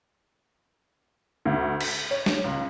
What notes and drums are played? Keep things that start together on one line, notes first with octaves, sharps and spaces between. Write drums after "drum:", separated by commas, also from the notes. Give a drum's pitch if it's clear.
D2
B6, drum: cymbal
C#5
drum: snare
C#2